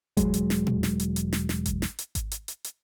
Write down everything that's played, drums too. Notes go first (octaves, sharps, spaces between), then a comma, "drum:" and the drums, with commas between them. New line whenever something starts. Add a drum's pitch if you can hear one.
E1 F#3 G#3, drum: kick G#1, hi-hat
drum: hi-hat
drum: snare
drum: tom A#2
drum: snare
drum: hi-hat
drum: hi-hat
drum: snare
drum: snare
drum: kick G#1, hi-hat
drum: snare
drum: hi-hat
drum: kick G#1, hi-hat
drum: hi-hat
drum: hi-hat
drum: hi-hat